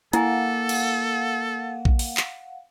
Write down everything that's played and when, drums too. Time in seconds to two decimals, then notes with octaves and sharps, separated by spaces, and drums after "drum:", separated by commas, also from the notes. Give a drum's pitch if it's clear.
0.13 A#3 E4 A4 F5 F#5 G#5, drum: hi-hat
0.69 drum: cymbal
1.85 drum: kick
1.99 drum: open hi-hat
2.17 drum: clap